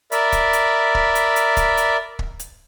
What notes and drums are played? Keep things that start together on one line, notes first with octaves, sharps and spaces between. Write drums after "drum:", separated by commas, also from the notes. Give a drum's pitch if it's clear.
A#4 D5 E5 B5, drum: hi-hat
drum: kick, hi-hat
drum: hi-hat
drum: kick
drum: hi-hat
drum: hi-hat
drum: kick, hi-hat
drum: hi-hat
drum: kick
drum: hi-hat